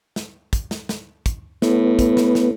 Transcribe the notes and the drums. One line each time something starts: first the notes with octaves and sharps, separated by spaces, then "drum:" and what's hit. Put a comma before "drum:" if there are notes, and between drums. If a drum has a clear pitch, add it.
drum: snare
drum: kick, hi-hat
drum: snare
drum: snare
drum: kick, hi-hat
A2 B3, drum: snare
drum: kick, hi-hat
drum: snare
drum: snare